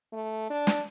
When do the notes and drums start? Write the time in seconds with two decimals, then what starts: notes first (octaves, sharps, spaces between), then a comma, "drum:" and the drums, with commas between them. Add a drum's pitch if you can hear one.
0.13 A3
0.50 D4
0.67 drum: snare